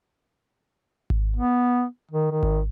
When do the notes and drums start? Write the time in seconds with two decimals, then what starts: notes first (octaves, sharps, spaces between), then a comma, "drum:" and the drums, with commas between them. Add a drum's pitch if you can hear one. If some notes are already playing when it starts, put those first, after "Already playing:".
1.10 drum: kick G#1
1.37 B3
2.11 D#3
2.31 D#3
2.43 drum: kick G#1